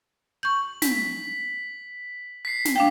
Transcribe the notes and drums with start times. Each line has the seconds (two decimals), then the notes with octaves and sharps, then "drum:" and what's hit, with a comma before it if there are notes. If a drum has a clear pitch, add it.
0.43 C#6 G6 F#7
0.82 B6, drum: snare
2.45 B6 C7
2.65 drum: snare
2.76 D4 F5 G5